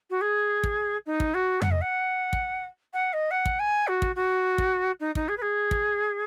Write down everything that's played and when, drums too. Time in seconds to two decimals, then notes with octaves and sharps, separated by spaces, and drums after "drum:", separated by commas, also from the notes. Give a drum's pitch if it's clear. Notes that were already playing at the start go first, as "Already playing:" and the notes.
0.10 F#4
0.21 G#4
0.64 drum: kick
1.06 D#4
1.20 drum: kick
1.34 F#4
1.62 F#5, drum: tom
1.71 D#5
1.81 F#5
2.33 drum: kick
2.93 F#5
3.13 D#5
3.31 F#5
3.46 drum: kick
3.59 G#5
3.88 F#4
4.02 drum: kick
4.16 F#4
4.58 drum: kick
5.00 D#4
5.15 D#4, drum: kick
5.28 G#4
5.37 B4
5.42 G#4
5.71 drum: kick